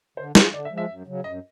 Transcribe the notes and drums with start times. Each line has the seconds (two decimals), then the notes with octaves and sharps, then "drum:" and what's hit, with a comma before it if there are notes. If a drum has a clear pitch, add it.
0.17 D3 C5
0.35 F3 G#3 C5, drum: snare
0.53 D3 D5
0.65 E5
0.71 F3 G#3
0.78 E5
0.89 F#2
1.07 C#3 F#3
1.24 F#2 D#5